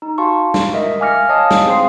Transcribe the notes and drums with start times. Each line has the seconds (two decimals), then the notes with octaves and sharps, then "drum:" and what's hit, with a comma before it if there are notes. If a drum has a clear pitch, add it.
0.02 D#4
0.18 F#4 F5 A5 C6 C#6
0.54 drum: snare
0.73 A#4 D#5 E5
1.00 F5 G#5 D6 F6 A#6 C#7
1.29 C#5 D#5 F5 A5 D#6
1.51 drum: snare
1.66 C4 G#4 C5 F5 C6 C7